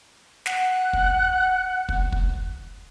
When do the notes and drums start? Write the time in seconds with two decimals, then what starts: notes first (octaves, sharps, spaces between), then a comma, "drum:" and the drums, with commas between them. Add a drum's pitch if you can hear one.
0.46 F#5 F#6, drum: snare
0.93 drum: kick
1.89 drum: kick
2.12 drum: kick